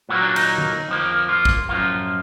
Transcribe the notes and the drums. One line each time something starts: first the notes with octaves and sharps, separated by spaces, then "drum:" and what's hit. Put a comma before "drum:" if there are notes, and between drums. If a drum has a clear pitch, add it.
A#2 F#3 A#3 B3
D4
D#4, drum: cymbal
drum: tom D3
F2 F3 A#3
F4
drum: kick
F#2 F3 A#3 F4